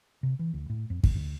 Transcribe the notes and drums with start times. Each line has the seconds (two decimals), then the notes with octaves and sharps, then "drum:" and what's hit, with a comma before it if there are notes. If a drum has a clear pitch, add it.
0.23 C3
0.39 E3
0.53 D2
0.70 A2
0.90 F2
1.04 F#2, drum: kick
1.16 D2